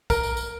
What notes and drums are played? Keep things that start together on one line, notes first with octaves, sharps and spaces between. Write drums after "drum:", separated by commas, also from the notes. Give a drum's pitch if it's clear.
A#4, drum: kick, tambourine
drum: tambourine
drum: tambourine